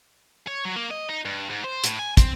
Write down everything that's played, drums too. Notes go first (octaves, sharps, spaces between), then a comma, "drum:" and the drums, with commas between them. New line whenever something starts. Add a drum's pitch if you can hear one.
C#5
F#3
A#3
D#5
D#4
G2
G#2
C5
A2, drum: hi-hat
G#5
C4, drum: kick, hi-hat